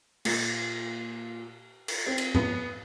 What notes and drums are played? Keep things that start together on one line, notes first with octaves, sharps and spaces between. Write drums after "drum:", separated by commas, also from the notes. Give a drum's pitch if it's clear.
A#2, drum: cymbal
drum: cymbal
C4
drum: cymbal
B3, drum: tom G#2